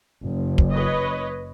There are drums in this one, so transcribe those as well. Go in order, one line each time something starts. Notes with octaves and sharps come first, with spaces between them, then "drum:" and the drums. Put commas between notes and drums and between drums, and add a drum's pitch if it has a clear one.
F#1
drum: kick
B4 C#5 D#5